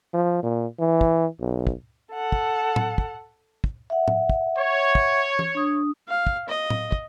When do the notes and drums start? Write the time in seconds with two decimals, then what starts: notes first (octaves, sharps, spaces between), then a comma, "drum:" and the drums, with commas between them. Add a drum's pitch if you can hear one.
0.14 F3
0.43 A#2
0.79 E3
1.01 drum: kick
1.40 B1
1.67 drum: kick
2.13 A4 F#5
2.32 drum: kick
2.76 drum: tom A2
2.98 drum: kick
3.64 drum: kick
3.90 E5 F#5
4.08 drum: tom A2
4.29 drum: kick
4.56 C#5
4.95 drum: kick
5.39 drum: tom E3
5.55 D4 D#6
6.08 F5
6.27 drum: kick
6.48 D#5
6.70 drum: tom A2
6.92 drum: kick